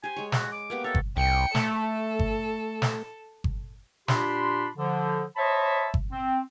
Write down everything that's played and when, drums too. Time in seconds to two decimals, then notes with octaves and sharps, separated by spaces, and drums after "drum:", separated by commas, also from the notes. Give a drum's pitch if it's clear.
0.04 G4 C5 G#5
0.16 G#3 C#5
0.32 F#4, drum: snare
0.52 D6
0.70 A#3 B3 G4
0.84 A4 C#5 E5
0.95 drum: kick G1
1.17 C2 G5 C#7
1.55 A3 A4, drum: snare
2.19 drum: kick G1
2.82 drum: snare
3.44 drum: kick G1
4.08 A#2 D4 G4 B5 C6, drum: snare
4.77 D3 F3
5.37 C5 C#5 D#5 E5 A5 B5
5.94 drum: kick G1
6.12 C4